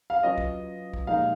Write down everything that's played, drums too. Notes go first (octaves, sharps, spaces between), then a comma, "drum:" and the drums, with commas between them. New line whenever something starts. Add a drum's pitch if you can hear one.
F5
F#3 C#4 F4 B4 D#5
drum: kick
drum: kick
A#2 F3 G#3 D#4 F5